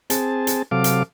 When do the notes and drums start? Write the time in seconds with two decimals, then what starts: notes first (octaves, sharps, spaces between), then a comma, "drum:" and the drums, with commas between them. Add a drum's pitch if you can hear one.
0.10 C4 G#4 A5, drum: hi-hat
0.47 drum: hi-hat
0.71 C3 F#3 A4 F5 D6
0.84 drum: hi-hat